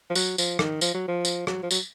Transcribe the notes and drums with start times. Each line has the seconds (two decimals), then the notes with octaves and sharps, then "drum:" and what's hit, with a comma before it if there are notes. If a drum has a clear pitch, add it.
0.10 F3
0.15 F#3, drum: tambourine
0.38 F3, drum: tambourine
0.59 D#3, drum: rim click
0.81 F3, drum: tambourine
0.94 F#3
1.08 F3
1.25 drum: tambourine
1.47 F#3, drum: rim click
1.63 F3
1.71 F#3, drum: tambourine